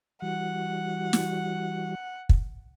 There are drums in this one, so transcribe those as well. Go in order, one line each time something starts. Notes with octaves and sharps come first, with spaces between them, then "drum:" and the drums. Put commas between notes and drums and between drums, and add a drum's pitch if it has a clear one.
E3 G3 F#4 F#5
drum: snare
drum: kick